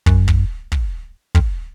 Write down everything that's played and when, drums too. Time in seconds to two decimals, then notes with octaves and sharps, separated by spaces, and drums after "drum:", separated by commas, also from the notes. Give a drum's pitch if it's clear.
0.06 F#2, drum: kick
0.28 drum: kick
0.72 drum: kick
1.35 F2, drum: kick